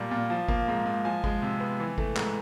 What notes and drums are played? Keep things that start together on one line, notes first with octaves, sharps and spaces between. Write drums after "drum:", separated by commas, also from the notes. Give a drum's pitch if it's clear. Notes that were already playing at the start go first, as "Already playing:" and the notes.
Already playing: A#2 G3 A#3 A5
A#2
F3
A#3, drum: kick G#1
G#2
G#2
F3 G#5
G#3, drum: kick G#1
C3
B3
E3
A3, drum: kick G#1
G#2, drum: clap